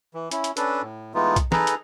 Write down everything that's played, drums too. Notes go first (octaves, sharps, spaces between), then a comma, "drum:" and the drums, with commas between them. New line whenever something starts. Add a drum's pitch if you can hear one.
E3
C#4 E4, drum: hi-hat
drum: hi-hat
C#4 D4 A4 B4, drum: hi-hat
A2
E3 G#3 A3 B3 D#4 F4
drum: kick B1, hi-hat
D#4 G#4 A4 B4 A#5, drum: snare
drum: hi-hat